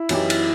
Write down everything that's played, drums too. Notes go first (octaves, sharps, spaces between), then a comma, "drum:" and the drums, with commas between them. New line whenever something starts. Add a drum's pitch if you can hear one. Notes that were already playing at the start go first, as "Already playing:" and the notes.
Already playing: E4
F#2 E3 B3 D#4 G4, drum: cymbal
drum: cymbal